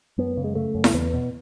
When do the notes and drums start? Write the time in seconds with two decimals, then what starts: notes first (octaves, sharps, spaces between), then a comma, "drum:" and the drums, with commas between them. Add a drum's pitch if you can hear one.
0.18 F#2 B3
0.37 C#3
0.44 G#3
0.55 C#3 A3
0.75 F#2
0.84 drum: snare E4
0.94 E2 B3
1.14 B2